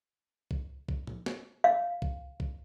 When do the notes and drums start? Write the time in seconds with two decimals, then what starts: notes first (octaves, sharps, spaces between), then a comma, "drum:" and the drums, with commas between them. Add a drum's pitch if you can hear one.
0.51 drum: kick
0.89 drum: kick
1.07 drum: tom A2
1.26 drum: snare
1.64 F5
2.02 drum: kick
2.40 drum: kick